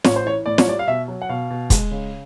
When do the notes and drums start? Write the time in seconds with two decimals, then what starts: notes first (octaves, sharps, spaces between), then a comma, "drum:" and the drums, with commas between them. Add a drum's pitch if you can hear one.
0.04 A1 C#5, drum: snare
0.16 C5
0.25 E3 C#5
0.46 A2 D5
0.58 C#5, drum: snare
0.68 G3 D5
0.79 F5
0.87 B2 E5
1.08 F#3
1.22 F#5
1.29 B2 F5
1.50 B2
1.70 G#3, drum: kick, hi-hat
1.91 C#3